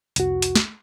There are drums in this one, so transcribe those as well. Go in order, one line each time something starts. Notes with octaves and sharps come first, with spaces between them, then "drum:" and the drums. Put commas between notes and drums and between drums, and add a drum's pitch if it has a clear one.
C2 F2 F#4, drum: hi-hat
drum: hi-hat
drum: snare